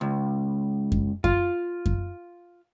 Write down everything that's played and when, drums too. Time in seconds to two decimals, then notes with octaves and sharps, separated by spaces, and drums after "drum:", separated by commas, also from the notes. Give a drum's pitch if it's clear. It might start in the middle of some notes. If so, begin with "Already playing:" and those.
0.01 C#2
0.92 drum: kick F#2
1.24 F4, drum: kick F#2
1.86 drum: kick F#2